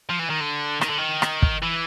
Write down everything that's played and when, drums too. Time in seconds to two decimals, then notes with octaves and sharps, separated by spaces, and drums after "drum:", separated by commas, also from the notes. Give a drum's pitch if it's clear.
0.09 F3
0.19 E3
0.30 D#3
0.40 D3
0.81 D#3, drum: rim click
0.90 D3
0.98 D#3
1.22 drum: rim click
1.42 drum: kick
1.63 E3